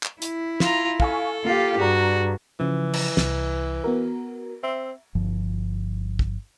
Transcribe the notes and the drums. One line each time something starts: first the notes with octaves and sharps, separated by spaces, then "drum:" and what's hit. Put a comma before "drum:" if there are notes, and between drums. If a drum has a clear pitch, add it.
drum: clap
E4, drum: hi-hat
F4 A#5, drum: snare
A4 F5 G#5 C#6, drum: kick
A#3 F4 G4 F5
G2 F#4 G#4 D5 A#5
C#3 E3 F3
drum: cymbal
C2, drum: snare
B3 F#4 A#4
C4 E5
G1 G2 F3
drum: kick